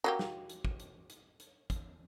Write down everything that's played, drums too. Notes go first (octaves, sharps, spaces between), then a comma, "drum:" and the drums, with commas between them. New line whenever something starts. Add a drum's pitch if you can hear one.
F#3 A#3 G4
drum: snare
drum: hi-hat
drum: kick
drum: hi-hat
drum: hi-hat
drum: hi-hat
drum: kick, hi-hat